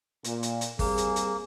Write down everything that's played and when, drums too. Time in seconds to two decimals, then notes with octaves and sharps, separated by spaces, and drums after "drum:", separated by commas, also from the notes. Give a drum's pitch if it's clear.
0.24 A#2, drum: hi-hat
0.43 drum: hi-hat
0.61 drum: hi-hat
0.79 G3 A#3 C4 G#4, drum: kick, open hi-hat
0.98 drum: hi-hat
1.16 drum: hi-hat